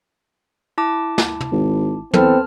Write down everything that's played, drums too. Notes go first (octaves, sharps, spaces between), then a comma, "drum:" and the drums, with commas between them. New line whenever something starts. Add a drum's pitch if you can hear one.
E4 A5 D6
drum: snare
drum: tom
G#1
E3 B3 C4 A4 A5 F6, drum: tom